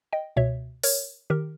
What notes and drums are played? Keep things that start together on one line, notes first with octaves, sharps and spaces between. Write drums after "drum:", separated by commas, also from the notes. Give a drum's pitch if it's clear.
D#5 G5
C#2 B2 C#5 E5
A#4 C#5, drum: open hi-hat
D#3 G4 A#4